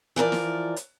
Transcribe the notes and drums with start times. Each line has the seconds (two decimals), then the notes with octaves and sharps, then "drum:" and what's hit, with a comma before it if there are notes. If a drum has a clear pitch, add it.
0.16 E3 F3 A#4 D5
0.32 drum: snare
0.76 drum: hi-hat